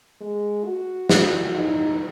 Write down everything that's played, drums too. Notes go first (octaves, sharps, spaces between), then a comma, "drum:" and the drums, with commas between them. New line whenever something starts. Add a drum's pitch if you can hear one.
G#3
F#4
F#4, drum: snare
D#4